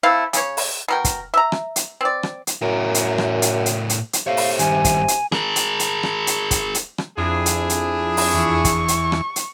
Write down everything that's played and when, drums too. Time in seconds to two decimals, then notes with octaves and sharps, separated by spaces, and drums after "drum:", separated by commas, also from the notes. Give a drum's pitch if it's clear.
0.03 A3 C4 E4 F5
0.33 C#3 C#5, drum: hi-hat
0.57 drum: open hi-hat
0.88 B2 A#4 G5
1.04 drum: kick, hi-hat
1.34 E5 A#5
1.52 drum: rim click
1.76 drum: hi-hat
2.01 C4 D5
2.23 drum: rim click
2.47 drum: hi-hat
2.62 F#2 A2 A#4
2.95 drum: hi-hat
3.18 drum: rim click
3.42 drum: hi-hat
3.66 drum: hi-hat
3.90 drum: hi-hat
4.13 drum: hi-hat
4.27 C3 A4 C#5 F5
4.37 drum: open hi-hat
4.59 G2 D#3 G#5, drum: hi-hat
4.85 drum: kick, hi-hat
5.08 drum: hi-hat
5.32 G#4 A#4, drum: rim click
5.56 drum: hi-hat
5.80 drum: hi-hat
6.03 drum: rim click
6.27 drum: hi-hat
6.51 drum: kick, hi-hat
6.75 drum: hi-hat
6.98 drum: rim click
7.17 F2 D4 E4 G#4
7.46 drum: hi-hat
7.70 drum: hi-hat
8.17 drum: open hi-hat
8.34 E2 C#6
8.65 drum: kick, hi-hat
8.88 drum: hi-hat
9.12 drum: rim click
9.36 drum: hi-hat